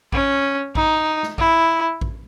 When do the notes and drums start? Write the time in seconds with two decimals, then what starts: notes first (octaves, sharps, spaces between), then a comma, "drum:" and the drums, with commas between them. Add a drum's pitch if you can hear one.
0.13 C#4, drum: kick A1
0.75 D#4, drum: kick A1
1.23 drum: snare
1.38 E4, drum: kick A1
2.01 drum: kick A1